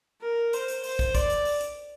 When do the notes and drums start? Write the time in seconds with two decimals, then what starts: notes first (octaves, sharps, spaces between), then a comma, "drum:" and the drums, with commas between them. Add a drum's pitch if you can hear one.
0.22 A#4
0.53 C5, drum: hi-hat
0.68 drum: hi-hat
0.84 C5, drum: open hi-hat
0.99 drum: kick, hi-hat
1.15 D5, drum: kick, hi-hat
1.30 drum: hi-hat
1.45 drum: open hi-hat
1.61 drum: hi-hat